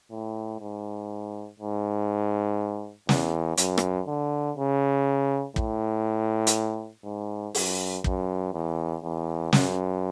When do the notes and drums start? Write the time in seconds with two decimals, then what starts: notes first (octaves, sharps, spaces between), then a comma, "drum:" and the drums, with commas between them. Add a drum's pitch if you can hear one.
0.11 A2
0.60 G#2
1.60 G#2
3.09 E2, drum: snare
3.57 F#2, drum: hi-hat
3.78 drum: rim click
4.07 D3
4.57 C#3
5.56 A2, drum: kick
6.47 drum: hi-hat
7.05 G#2
7.54 F#2, drum: open hi-hat
8.04 F#2, drum: kick
8.53 E2
9.03 E2
9.53 F#2, drum: snare